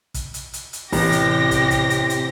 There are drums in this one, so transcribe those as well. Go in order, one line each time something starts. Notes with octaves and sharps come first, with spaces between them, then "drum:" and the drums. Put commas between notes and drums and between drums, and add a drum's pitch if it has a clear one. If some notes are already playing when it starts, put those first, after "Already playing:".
drum: kick, hi-hat
drum: hi-hat
drum: hi-hat
drum: hi-hat
A1 C3 G4 A#6, drum: kick, open hi-hat
drum: hi-hat
drum: kick, hi-hat
drum: kick, hi-hat
drum: hi-hat
drum: hi-hat